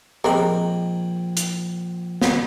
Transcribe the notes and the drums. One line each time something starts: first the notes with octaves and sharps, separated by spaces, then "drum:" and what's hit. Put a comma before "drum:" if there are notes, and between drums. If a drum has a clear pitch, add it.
A#1 G#3 C4 A#4 G5 B5
drum: hi-hat
drum: snare